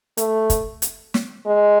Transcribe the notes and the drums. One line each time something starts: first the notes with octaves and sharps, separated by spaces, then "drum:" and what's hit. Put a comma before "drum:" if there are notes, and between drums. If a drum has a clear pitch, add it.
A3, drum: hi-hat
drum: kick, hi-hat
drum: hi-hat
drum: snare
G#3